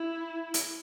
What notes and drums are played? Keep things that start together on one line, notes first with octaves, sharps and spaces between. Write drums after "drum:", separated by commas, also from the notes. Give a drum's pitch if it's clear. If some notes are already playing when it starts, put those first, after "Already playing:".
Already playing: E4
drum: hi-hat